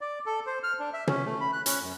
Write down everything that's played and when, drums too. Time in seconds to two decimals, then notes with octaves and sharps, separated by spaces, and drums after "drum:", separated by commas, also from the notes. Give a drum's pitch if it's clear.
0.01 D5
0.26 A4
0.47 C5
0.63 F6
0.79 D4
0.93 E5
1.07 C#4, drum: tom
1.25 A3
1.41 B5
1.53 F#6
1.66 C#4, drum: hi-hat
1.82 F#2